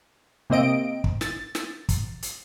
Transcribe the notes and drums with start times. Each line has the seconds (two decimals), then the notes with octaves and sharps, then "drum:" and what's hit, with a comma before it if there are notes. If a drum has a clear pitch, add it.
0.50 C3 A#3 C4 D#5 D7
1.04 drum: kick
1.21 A6, drum: snare
1.55 drum: snare
1.89 drum: kick, hi-hat
2.22 drum: hi-hat